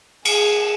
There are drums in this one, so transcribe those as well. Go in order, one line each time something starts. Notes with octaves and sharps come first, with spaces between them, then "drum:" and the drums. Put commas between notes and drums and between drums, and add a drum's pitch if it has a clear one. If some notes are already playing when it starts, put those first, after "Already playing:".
G#4, drum: cymbal